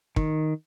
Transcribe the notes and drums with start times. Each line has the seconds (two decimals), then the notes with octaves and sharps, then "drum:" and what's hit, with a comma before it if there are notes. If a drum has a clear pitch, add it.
0.16 D#3, drum: kick